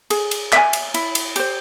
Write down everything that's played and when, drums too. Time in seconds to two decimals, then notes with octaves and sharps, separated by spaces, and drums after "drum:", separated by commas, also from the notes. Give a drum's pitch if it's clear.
0.10 G#4, drum: cymbal
0.31 drum: cymbal
0.52 E5 G#5, drum: clap
0.73 drum: cymbal
0.94 E4, drum: cymbal
1.15 drum: cymbal
1.36 G4 C5, drum: cymbal